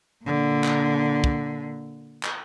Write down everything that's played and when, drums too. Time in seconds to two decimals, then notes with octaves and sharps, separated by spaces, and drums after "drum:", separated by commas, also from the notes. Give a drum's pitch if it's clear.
0.24 A#2 D3
0.64 drum: clap
1.24 drum: kick
2.23 drum: clap